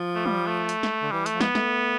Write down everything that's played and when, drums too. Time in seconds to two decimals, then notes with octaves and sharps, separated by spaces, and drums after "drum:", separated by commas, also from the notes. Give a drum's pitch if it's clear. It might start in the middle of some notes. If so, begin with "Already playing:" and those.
Already playing: F3
0.15 A3
0.26 G3, drum: tom
0.47 A3
0.69 drum: hi-hat
0.83 drum: snare
1.02 D3
1.12 E3 G3
1.26 A3, drum: hi-hat
1.33 F3
1.41 B3, drum: snare
1.55 A3, drum: snare